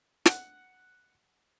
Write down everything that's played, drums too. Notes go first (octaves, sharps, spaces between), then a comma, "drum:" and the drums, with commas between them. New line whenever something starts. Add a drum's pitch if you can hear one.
F#5, drum: snare